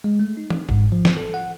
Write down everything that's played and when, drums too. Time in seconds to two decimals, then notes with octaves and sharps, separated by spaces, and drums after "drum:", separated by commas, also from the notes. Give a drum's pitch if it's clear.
0.04 G#3
0.19 A3
0.37 D#4
0.50 drum: tom
0.69 G#2, drum: kick G1
0.92 F3
1.05 drum: snare
1.17 A4
1.34 F#5